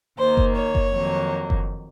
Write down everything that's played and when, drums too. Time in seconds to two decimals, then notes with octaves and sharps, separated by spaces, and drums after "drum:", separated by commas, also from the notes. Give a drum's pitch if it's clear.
0.19 D#2 D#3 A#3 C5
0.37 drum: kick F#1
0.56 C#5
0.75 drum: kick F#1
0.93 F2 D#3 F#3 A#3
1.50 drum: kick F#1